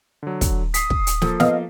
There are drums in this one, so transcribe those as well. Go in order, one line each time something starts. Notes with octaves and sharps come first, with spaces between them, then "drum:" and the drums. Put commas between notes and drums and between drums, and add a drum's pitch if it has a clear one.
D3 F#3
drum: kick, hi-hat
D#6 B6 C7, drum: hi-hat
drum: kick
drum: hi-hat
F3 A#3 A4, drum: snare
B3 D#5 F5, drum: snare